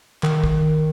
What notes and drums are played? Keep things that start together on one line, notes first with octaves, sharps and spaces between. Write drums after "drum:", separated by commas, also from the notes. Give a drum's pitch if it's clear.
D#3, drum: clap
drum: kick